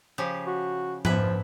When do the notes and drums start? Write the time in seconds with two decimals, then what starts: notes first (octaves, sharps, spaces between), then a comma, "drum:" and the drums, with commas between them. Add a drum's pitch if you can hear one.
0.18 C#3 F3 G4
0.47 F#4
1.05 F3 B4 E5, drum: tom G#2